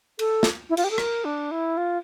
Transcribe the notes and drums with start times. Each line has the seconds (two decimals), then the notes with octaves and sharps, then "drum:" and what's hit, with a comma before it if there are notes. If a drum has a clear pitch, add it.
0.19 A4, drum: cymbal
0.43 drum: snare
0.70 E4
0.77 F4, drum: cymbal
0.84 G4
0.91 A4
0.98 A#4, drum: rim click
1.25 D4
1.51 E4
1.77 F4